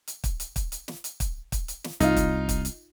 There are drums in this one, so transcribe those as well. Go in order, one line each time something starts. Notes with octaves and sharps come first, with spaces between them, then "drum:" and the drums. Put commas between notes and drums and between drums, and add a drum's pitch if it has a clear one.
drum: hi-hat
drum: kick, hi-hat
drum: hi-hat
drum: kick, hi-hat
drum: hi-hat
drum: snare
drum: hi-hat
drum: kick, hi-hat
drum: kick, hi-hat
drum: hi-hat
drum: snare
C2 D#4 F4, drum: hi-hat
drum: kick, hi-hat
drum: kick, hi-hat
drum: hi-hat